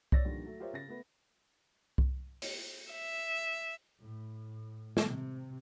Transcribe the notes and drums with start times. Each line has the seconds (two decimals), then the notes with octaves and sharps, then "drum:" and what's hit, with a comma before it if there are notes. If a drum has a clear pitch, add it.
0.12 C#5 D5 E6 A6 A#6, drum: kick C2
0.24 G2 A#2 D3 D#3 F3 G3
0.44 F#3 A3
0.60 F4 G4 A#4 C5 C#5 E5
0.73 C#3 A6 A#6
0.88 A3 B3 B4
1.98 drum: kick C2
2.42 drum: open hi-hat
2.90 E5
4.00 A2
4.97 drum: snare
5.07 C3